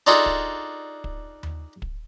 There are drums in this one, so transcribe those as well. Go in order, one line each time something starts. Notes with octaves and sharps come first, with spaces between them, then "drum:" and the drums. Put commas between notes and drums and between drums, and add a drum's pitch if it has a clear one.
D4 D#4 F4 F#4 G#4 A4
drum: kick
drum: kick
drum: tom D#2
drum: kick